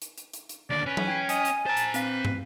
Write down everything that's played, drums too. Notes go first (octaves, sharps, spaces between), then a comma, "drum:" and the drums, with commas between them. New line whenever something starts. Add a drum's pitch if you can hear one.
drum: hi-hat
drum: hi-hat
drum: hi-hat
drum: hi-hat
D#2 D3 D5
C#4 B4
drum: tom F#3
G5 G#6 C7
D#5 G#5, drum: hi-hat
drum: hi-hat
C5 A5 A#5
drum: hi-hat
C4 B4 F5, drum: hi-hat
drum: tom